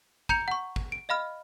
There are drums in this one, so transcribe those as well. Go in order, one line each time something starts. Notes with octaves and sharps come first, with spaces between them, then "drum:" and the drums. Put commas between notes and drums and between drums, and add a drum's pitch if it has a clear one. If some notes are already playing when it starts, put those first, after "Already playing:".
A#5 G6 C#7 F7, drum: kick
F#5 C#6
drum: kick
D7
D#5 F5 B5 F6